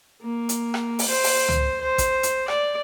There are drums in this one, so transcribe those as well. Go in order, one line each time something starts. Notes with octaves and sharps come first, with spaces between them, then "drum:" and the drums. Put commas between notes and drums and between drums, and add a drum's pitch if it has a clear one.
A#3
drum: hi-hat
drum: rim click
drum: open hi-hat
C5
drum: open hi-hat
drum: tom
C5
drum: kick, hi-hat
drum: hi-hat
D5, drum: rim click